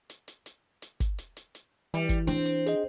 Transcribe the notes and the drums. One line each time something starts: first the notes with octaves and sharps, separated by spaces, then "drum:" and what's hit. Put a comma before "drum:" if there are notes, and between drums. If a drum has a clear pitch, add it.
drum: hi-hat
drum: hi-hat
drum: hi-hat
drum: hi-hat
drum: kick G1, hi-hat
drum: hi-hat
drum: hi-hat
drum: hi-hat
E3 G3, drum: hi-hat
drum: kick G1, hi-hat
C4 D4, drum: hi-hat
drum: hi-hat
G#4 C5 D#5, drum: hi-hat